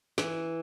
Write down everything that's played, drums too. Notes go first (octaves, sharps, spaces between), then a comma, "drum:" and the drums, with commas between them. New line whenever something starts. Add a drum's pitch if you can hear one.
E3, drum: snare